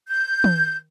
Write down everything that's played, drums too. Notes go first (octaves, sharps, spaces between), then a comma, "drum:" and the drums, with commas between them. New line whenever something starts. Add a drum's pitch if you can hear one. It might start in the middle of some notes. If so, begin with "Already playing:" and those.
G6
drum: tom